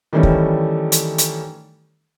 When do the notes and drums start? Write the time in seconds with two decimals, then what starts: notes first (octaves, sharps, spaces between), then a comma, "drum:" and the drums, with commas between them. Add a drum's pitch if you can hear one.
0.13 D#3 E3 G3 A3 C#4
0.23 drum: kick
0.92 drum: hi-hat
1.18 drum: hi-hat